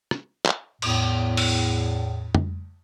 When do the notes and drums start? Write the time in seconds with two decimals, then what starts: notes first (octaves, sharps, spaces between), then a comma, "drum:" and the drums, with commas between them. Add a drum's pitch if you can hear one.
0.11 drum: rim click
0.46 drum: clap
0.82 E2 A2, drum: cymbal
1.37 drum: open hi-hat
2.35 drum: tom F2